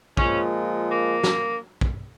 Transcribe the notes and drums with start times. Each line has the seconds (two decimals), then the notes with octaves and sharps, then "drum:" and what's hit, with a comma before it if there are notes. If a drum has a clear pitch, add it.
0.17 A#2 F3 G#3 C#4, drum: kick
0.91 A#3
1.23 drum: snare
1.81 drum: kick